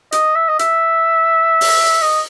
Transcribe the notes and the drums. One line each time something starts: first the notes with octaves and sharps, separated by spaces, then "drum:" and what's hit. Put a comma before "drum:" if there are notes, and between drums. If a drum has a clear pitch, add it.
D#5, drum: hi-hat
E5
D#5
E5, drum: hi-hat
drum: open hi-hat
D#5